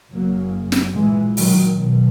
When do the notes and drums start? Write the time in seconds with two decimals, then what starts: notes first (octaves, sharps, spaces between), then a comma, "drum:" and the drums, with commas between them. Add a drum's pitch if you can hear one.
0.13 F#1 F#2 C#3 F#3 A#3
0.72 drum: snare
0.95 A#1 A#2 E3 G#3
1.37 D#3 F#3, drum: open hi-hat
1.78 B1 B2